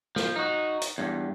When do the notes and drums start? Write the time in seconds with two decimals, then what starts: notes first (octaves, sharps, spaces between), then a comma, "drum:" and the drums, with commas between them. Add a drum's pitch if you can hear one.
0.16 F3, drum: snare
0.36 D#4 F#4
0.82 drum: hi-hat
0.98 E2 G2